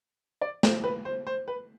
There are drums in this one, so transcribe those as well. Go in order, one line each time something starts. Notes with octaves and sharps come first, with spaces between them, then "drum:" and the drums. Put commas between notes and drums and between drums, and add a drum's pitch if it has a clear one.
D5
C5, drum: snare
B4
C5
C5
B4